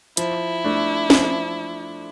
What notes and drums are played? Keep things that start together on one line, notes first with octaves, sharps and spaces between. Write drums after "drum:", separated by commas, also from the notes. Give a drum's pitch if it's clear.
F3 E4, drum: hi-hat
A3 D4
F3, drum: snare